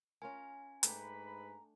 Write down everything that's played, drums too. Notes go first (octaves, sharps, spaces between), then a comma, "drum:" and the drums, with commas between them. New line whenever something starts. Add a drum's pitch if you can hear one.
C#4 F4 A#4 G#5
G#2 A3 D4 B4 G5 A#5 B5, drum: hi-hat